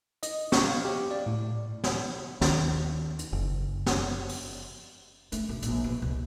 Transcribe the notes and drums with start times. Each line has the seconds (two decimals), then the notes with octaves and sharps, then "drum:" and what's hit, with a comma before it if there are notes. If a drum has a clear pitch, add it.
0.23 D#5, drum: hi-hat
0.52 C#6, drum: snare
0.68 F5
0.85 G4
1.11 D5
1.26 A2
1.84 drum: snare
2.41 D#2, drum: snare
3.19 drum: hi-hat
3.33 F#1
3.86 drum: snare
4.29 drum: open hi-hat
5.32 A3, drum: hi-hat
5.49 B1
5.62 A#1, drum: hi-hat
5.84 B2
6.02 C2